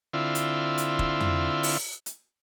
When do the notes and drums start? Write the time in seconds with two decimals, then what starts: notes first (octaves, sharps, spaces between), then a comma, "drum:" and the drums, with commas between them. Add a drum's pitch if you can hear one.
0.13 D3 C4 E4 F4
0.35 drum: hi-hat
0.78 drum: hi-hat
0.99 drum: kick
1.20 drum: tom F2
1.63 drum: open hi-hat
2.06 drum: hi-hat